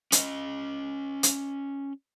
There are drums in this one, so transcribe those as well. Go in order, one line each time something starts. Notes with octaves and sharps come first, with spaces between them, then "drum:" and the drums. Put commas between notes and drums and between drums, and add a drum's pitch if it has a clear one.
C#4 D#5, drum: hi-hat
drum: hi-hat